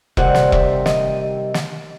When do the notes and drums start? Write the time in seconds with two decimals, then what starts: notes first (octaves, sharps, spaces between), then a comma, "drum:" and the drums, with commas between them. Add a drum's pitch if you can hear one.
0.17 C3 D#3 G3 C4 F#5, drum: kick E1
0.35 drum: snare
0.52 E5, drum: kick E1
0.86 D#5, drum: snare
1.54 drum: snare